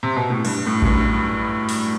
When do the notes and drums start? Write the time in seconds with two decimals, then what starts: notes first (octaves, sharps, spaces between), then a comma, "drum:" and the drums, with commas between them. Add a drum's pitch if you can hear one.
0.03 C3
0.16 B2
0.30 A2
0.45 G2, drum: cymbal
0.66 A2
0.82 F#2, drum: kick A1
0.87 G2
1.69 drum: open hi-hat